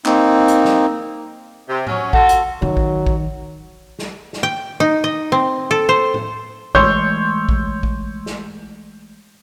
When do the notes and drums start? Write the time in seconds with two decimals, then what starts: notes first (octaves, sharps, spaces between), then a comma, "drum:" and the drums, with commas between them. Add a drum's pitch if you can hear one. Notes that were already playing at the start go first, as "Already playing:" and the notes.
0.06 A#3 C4 D#4, drum: clap
0.48 drum: hi-hat
0.65 drum: snare
1.69 C3
1.87 F#3 C#4, drum: tom A2
2.13 F4 F#4 A4 F#5, drum: kick A#1
2.29 drum: hi-hat
2.62 D#3 F#3
2.77 drum: kick A#1
3.06 drum: kick A#1
3.99 drum: snare
4.33 drum: snare
4.43 G5
4.80 D#4
5.04 D#5
5.32 C4
5.71 A4
5.89 C5
6.14 drum: tom A2
6.75 E3 G#3 A3 C#5 C6 E6 G6, drum: kick A#1
7.49 drum: kick A#1
7.83 drum: kick A#1
8.26 drum: snare